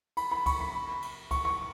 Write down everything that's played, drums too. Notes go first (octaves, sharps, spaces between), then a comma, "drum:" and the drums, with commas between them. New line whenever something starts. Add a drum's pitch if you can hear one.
B5, drum: cymbal
B5
C#6, drum: kick, cymbal
B5
drum: cymbal
C#6, drum: kick, cymbal
C#6